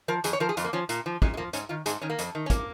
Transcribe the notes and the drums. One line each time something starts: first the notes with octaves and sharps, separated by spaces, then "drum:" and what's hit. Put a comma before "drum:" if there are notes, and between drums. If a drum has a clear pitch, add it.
F3 A#4
F2 G#4, drum: hi-hat
C#5
F3 A#4
G#4
F2 F4, drum: hi-hat
A#3
F3 C#4
A#2, drum: hi-hat
F3
A#2 G#3, drum: kick
G#3
F3 A#3
G#2 C#4, drum: hi-hat
D#3 F4
G#2 G#4, drum: hi-hat
D#3 C#4
A#3
F2, drum: hi-hat
D#3
C#4
A#3, drum: kick, hi-hat